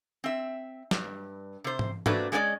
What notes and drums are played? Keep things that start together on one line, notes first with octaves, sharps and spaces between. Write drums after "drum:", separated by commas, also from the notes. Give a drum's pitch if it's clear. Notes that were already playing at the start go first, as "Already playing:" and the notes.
C4 E5
G2, drum: snare
C3 C5
drum: tom G#2
A3 A#3 C4 D4 F#4 B4, drum: tom G#2
G#3 A3 C#4 D#4 D5 D#5